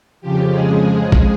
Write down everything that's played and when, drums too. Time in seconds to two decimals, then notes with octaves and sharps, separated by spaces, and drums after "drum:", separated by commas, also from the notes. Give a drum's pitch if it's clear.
0.21 F2 C#3 F3 G4
0.53 G#3 G#4
1.12 drum: kick G#1